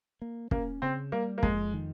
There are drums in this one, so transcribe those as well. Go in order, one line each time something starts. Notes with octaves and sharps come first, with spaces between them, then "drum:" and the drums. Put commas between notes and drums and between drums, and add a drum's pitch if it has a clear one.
A#3
A#3 C#4, drum: kick
C#3 C4
G3 A#3
A#3
F2 G#3, drum: kick
D#3